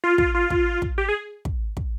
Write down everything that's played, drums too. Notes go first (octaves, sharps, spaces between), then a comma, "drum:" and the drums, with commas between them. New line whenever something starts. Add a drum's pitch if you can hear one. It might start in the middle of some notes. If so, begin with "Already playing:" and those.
F4
F4, drum: kick
F4
drum: kick
drum: kick
G4
G#4
drum: kick
drum: kick